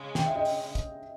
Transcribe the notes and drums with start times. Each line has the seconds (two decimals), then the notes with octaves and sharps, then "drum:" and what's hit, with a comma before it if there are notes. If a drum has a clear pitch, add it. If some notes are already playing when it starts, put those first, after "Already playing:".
Already playing: C#3 G#3 C#4
0.15 G5, drum: snare
0.26 E5
0.35 D#5 G5
0.45 drum: open hi-hat
0.75 drum: kick, hi-hat